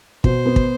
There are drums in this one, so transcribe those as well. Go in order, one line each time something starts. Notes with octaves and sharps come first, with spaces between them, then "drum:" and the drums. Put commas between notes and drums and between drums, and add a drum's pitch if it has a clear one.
B2 C5, drum: kick
B3
drum: kick